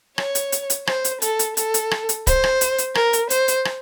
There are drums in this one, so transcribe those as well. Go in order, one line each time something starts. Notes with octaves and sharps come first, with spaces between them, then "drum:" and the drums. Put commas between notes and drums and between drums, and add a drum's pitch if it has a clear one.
C#5, drum: rim click
drum: hi-hat
drum: hi-hat
drum: hi-hat
C5, drum: rim click
drum: hi-hat
A4, drum: hi-hat
drum: hi-hat
A4, drum: hi-hat
drum: hi-hat
drum: rim click
drum: hi-hat
C5, drum: kick C#1, hi-hat
drum: rim click
drum: hi-hat
drum: hi-hat
A#4, drum: rim click
drum: hi-hat
C5, drum: hi-hat
drum: hi-hat
drum: rim click